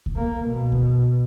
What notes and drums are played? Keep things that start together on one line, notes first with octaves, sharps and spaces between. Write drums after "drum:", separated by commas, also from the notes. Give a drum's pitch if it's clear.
drum: kick C#2
A#3
B2
drum: kick C#2